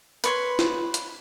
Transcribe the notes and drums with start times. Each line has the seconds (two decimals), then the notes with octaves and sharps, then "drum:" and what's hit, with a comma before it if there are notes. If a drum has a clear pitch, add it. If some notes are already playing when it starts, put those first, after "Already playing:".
0.24 B4 C#5 C6, drum: hi-hat
0.59 drum: snare
0.94 drum: hi-hat